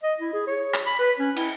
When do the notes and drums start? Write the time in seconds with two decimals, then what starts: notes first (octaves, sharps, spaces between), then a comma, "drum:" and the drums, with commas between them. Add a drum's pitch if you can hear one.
0.03 D#5
0.20 E4
0.33 G#4
0.47 C#5
0.74 drum: clap
0.85 B5
0.99 B4
1.19 C#4
1.36 E4, drum: cymbal